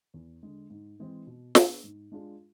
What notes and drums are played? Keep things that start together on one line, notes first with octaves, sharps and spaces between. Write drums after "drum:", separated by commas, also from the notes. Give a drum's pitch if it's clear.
E2
D3 G#3
G#2
E3 G#3 C4 E4
B2
B3 D4 G#4 B4, drum: snare
G#2
G#3 D4 F4 G#4